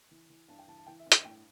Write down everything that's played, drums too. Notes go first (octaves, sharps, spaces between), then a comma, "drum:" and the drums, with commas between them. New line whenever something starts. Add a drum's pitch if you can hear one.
E3
E3
G2 A5
G5
E3 A5
A5
E3 G5
E5
G2
G5, drum: hi-hat
A2 G5